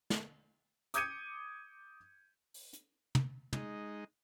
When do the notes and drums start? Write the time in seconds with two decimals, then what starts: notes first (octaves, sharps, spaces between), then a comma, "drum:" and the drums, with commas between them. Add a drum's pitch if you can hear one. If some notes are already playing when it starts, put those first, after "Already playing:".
0.10 drum: snare
0.94 D6 D#6 G6 G#6 C#7 D#7, drum: hi-hat
2.54 drum: open hi-hat
2.73 drum: hi-hat
3.15 drum: tom
3.53 G#3 D#4, drum: tom